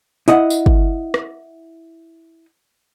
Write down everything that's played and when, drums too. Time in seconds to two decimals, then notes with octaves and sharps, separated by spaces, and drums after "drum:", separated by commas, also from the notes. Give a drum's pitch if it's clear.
0.28 E4 D#5 F#5, drum: hi-hat
0.50 drum: tambourine
0.66 drum: kick
1.14 drum: rim click